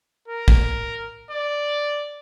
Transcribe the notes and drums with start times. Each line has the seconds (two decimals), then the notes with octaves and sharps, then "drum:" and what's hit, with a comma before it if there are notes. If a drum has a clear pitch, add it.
0.28 A#4
0.48 drum: kick
1.31 D5